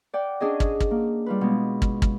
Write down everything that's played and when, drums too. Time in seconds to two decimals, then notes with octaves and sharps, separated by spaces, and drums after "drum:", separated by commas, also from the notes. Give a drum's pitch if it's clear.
0.14 D5 F#5 G5
0.40 C#4 D4 G#4 D#5
0.60 drum: kick
0.80 drum: kick
0.91 A#3
1.26 G3 F4 B4
1.41 B2 G#3
1.82 drum: kick
2.02 drum: kick